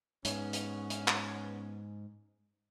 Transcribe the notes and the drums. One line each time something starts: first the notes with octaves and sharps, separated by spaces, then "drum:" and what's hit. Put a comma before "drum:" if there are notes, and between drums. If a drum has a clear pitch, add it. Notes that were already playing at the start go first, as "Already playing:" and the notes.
G#2 B3 C#4, drum: hi-hat
drum: hi-hat
drum: hi-hat
drum: clap